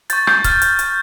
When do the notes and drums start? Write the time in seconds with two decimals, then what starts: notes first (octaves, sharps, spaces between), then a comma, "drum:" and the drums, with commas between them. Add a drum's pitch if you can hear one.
0.10 C#6 G6 A6, drum: hi-hat
0.27 G6, drum: rim click
0.44 F6 A6, drum: kick C#1, hi-hat
0.62 drum: hi-hat
0.79 drum: hi-hat